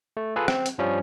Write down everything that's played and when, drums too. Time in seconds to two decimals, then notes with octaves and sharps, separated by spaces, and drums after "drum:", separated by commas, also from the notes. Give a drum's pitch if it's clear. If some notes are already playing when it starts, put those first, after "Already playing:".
0.17 A3
0.36 F4 G#4 A4 B4
0.48 C4, drum: rim click
0.66 drum: hi-hat
0.78 G2 F3 G3 C#4